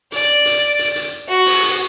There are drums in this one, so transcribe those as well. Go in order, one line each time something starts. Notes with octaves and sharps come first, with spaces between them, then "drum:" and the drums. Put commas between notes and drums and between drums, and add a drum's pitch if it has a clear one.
D5, drum: hi-hat
drum: hi-hat
drum: hi-hat
drum: hi-hat
F#4
drum: open hi-hat
drum: hi-hat